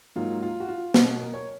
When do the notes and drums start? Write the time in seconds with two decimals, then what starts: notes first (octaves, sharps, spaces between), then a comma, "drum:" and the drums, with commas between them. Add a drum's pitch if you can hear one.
0.16 G#2 F#3 A#3 F4
0.42 F4
0.60 F#4
0.68 F4
0.94 B2 F#3 A#3, drum: snare
1.21 A#4
1.34 C#5